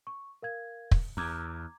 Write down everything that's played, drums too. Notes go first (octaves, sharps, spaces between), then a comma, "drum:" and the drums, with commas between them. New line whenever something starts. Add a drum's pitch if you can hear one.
C#6
A#4 F5 G#6
drum: kick
E2 A#5 D6 G#6